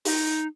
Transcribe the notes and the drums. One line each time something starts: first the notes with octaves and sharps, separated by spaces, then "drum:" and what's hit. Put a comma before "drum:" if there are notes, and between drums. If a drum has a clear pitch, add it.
D#4, drum: open hi-hat